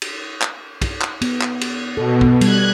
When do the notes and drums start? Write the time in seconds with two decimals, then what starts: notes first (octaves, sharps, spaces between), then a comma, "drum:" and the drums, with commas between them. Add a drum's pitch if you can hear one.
0.02 drum: cymbal
0.42 drum: clap
0.81 drum: kick, cymbal
1.01 drum: clap
1.21 B3, drum: cymbal
1.41 drum: clap
1.61 drum: cymbal
1.97 B2 A4
2.21 drum: kick
2.41 G3 F#6 G#6, drum: cymbal